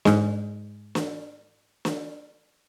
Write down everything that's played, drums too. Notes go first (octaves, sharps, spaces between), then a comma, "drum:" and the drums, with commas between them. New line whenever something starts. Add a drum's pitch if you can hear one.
G#2 G#3, drum: snare
drum: snare
drum: snare